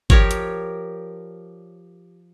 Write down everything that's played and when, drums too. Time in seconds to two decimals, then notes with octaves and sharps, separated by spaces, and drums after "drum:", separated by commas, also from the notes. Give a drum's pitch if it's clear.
0.10 F3 G4 A#4 C#5 D5, drum: kick
0.31 drum: hi-hat